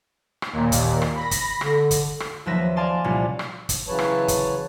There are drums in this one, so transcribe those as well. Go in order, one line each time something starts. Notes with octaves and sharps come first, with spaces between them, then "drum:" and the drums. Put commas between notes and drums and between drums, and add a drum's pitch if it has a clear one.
drum: rim click
D#2 A#2
drum: kick, hi-hat
drum: rim click
B5 A#6
drum: kick, hi-hat
D3, drum: rim click
drum: kick, hi-hat
drum: rim click
D#2 F3 F#3 B4 E5 A#6
D5 F5 G#5 A5 C6 D6
C2 A#2 F#3 C#4 F4
drum: rim click
drum: kick, hi-hat
C#3 E3 F#3 B4 C#5 A5
drum: rim click
drum: kick, hi-hat